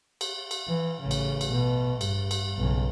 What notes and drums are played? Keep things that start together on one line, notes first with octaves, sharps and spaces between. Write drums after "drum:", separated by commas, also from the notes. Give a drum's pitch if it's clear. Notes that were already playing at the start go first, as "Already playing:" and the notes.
drum: cymbal
drum: cymbal
E3
A1 C#3
drum: cymbal
drum: cymbal
B2
G2, drum: cymbal
drum: cymbal
B1 C#3